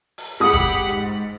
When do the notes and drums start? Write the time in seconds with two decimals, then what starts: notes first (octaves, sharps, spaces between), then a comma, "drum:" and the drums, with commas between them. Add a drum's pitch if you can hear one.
0.18 drum: open hi-hat
0.40 G#3 G4 F#5 B5 D#6
0.53 drum: kick, hi-hat
0.88 G#2, drum: hi-hat